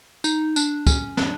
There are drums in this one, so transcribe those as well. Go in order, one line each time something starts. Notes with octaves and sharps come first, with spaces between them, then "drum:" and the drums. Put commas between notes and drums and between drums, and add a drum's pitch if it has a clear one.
D#4, drum: tambourine
D4, drum: tambourine
C#4, drum: kick, tambourine
D4, drum: snare